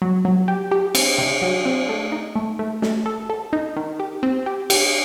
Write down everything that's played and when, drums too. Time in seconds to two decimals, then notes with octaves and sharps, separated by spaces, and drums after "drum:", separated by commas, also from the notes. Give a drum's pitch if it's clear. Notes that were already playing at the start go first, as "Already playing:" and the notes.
0.02 F#3
0.25 F#3
0.48 G4
0.71 G4
0.95 C4, drum: cymbal
1.18 C3
1.42 F#3
1.65 C4
1.89 A3
2.12 D#4
2.36 A3
2.59 A3
2.82 A3, drum: snare
3.06 A4
3.30 A4
3.53 D#4
3.76 D#3
3.99 G4
4.23 C4
4.46 G4
4.70 G4, drum: cymbal